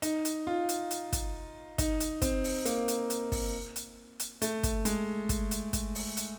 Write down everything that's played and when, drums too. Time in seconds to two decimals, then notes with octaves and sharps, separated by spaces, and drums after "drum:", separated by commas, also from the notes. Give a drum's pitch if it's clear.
0.02 D#4, drum: hi-hat
0.25 drum: hi-hat
0.47 F4
0.69 drum: hi-hat
0.91 drum: hi-hat
1.12 drum: kick, hi-hat
1.78 D#4, drum: kick, hi-hat
2.00 drum: hi-hat
2.22 C4, drum: kick, hi-hat
2.44 drum: open hi-hat
2.65 A#3, drum: hi-hat
2.88 drum: hi-hat
3.10 drum: hi-hat
3.32 drum: kick, open hi-hat
3.76 drum: hi-hat
4.20 drum: hi-hat
4.42 A3, drum: hi-hat
4.63 drum: kick, hi-hat
4.85 G#3, drum: hi-hat
5.29 drum: kick, hi-hat
5.51 drum: hi-hat
5.73 drum: kick, hi-hat
5.95 drum: open hi-hat
6.17 drum: hi-hat